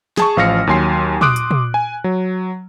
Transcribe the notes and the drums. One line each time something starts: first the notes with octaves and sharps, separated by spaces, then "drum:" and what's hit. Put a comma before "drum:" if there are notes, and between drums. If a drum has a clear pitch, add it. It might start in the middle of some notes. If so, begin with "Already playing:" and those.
G#4 A5 C#6, drum: snare
A1 F3 F5 F6 A#6 C#7
D#2 F#3 G#5 C6 C7
C6 D6 D#6 F#6 D7, drum: tom
drum: hi-hat
drum: tom
G#5
F#3